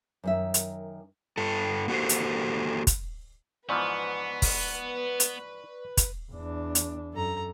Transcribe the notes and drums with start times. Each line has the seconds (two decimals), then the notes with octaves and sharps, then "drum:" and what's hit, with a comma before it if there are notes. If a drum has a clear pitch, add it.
0.24 F#2 D#3 E5
0.54 drum: hi-hat
1.38 G2 A4
1.88 A#3 F#4 G4 A4 C5
2.09 drum: hi-hat
2.87 drum: kick, hi-hat
3.69 G#2 E3 F3 B3 B4 D5 B5 C#6
4.42 drum: kick, open hi-hat
5.20 drum: hi-hat
5.97 drum: kick, hi-hat
6.31 E2 D4
6.75 drum: hi-hat
7.14 F#2 A4 A#5